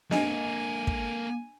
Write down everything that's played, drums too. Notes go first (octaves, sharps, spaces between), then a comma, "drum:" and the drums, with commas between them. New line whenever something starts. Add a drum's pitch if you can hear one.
A#3 D4 A4 D#5 G#5, drum: snare
drum: kick